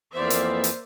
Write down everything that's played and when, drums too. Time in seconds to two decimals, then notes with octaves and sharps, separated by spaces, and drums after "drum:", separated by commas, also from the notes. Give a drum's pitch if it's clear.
0.14 F2 E3 A#3 B3 C5 D5 E5
0.30 drum: hi-hat
0.64 drum: hi-hat